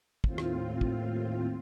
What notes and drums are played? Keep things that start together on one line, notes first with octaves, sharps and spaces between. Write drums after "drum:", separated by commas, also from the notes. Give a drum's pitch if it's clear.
D#2 A2 C4 F4, drum: kick
drum: rim click
drum: kick